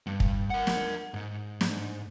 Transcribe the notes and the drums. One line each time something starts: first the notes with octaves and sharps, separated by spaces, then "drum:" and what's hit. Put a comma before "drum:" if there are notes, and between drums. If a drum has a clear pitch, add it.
G2
drum: kick
A#4 F#5
drum: snare
G#2
drum: snare